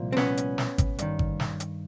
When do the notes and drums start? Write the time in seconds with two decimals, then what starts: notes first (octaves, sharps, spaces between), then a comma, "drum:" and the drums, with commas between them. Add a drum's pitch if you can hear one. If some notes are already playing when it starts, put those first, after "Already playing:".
Already playing: C2 A#2 F3
0.13 C4
0.17 B3 C#4, drum: snare
0.37 drum: hi-hat
0.58 drum: snare
0.78 drum: kick G#1, hi-hat
0.99 G2 D#3, drum: hi-hat
1.19 drum: kick G#1
1.40 drum: snare
1.60 drum: hi-hat